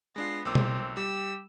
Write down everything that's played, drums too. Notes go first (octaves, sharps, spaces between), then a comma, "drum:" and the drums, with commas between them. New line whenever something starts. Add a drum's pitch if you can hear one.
G#3 B3 D4 F4 A#6 C7
B1 A#3 C4 F4 D6 E6
drum: tom B2
G3 G4 E6